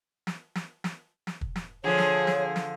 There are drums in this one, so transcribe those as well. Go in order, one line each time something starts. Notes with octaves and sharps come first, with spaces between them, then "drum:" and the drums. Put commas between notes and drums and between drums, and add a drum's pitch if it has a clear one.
drum: snare
drum: snare
drum: snare
drum: snare
drum: kick
drum: snare
D3 F3 G#4 C#5
drum: snare
drum: snare
drum: snare